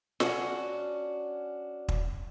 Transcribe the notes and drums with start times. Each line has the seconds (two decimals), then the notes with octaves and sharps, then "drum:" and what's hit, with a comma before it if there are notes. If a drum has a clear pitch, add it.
0.20 C#4 D4 F#4, drum: snare
1.88 drum: kick